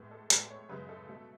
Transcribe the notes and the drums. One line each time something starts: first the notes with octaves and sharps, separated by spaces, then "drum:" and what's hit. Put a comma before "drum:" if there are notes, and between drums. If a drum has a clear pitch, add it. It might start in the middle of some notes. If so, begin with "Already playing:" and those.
Already playing: A2 G#3 B3
A4
A2 G#3 B3 A4, drum: hi-hat
C#5
F#2 C#3 G#3 B3 B4
A4
B2 A3